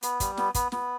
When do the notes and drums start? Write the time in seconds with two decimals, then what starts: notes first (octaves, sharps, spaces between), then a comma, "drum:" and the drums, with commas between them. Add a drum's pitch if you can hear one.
0.03 B3, drum: hi-hat
0.20 G3, drum: kick, hi-hat
0.37 B3, drum: snare
0.55 B3, drum: kick, hi-hat
0.72 B3, drum: snare